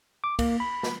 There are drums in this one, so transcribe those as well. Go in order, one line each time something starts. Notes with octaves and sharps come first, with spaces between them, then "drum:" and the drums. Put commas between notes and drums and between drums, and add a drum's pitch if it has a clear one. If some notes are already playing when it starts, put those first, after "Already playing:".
D6
A#3, drum: kick, cymbal
B5
drum: snare